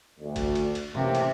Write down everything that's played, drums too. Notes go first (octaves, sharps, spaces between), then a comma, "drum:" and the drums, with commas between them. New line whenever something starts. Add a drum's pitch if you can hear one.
D2
drum: kick, cymbal
drum: cymbal
drum: cymbal
A1 C3 A#3 G4, drum: tom
drum: cymbal